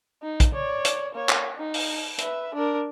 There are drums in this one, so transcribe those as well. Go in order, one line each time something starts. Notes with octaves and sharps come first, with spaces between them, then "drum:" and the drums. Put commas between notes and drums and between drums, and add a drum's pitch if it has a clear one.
D#4
drum: kick, hi-hat
C#5 D5
drum: hi-hat
A#3 C#5
drum: clap
D#4
drum: open hi-hat
B4 E5, drum: hi-hat
D4 A#4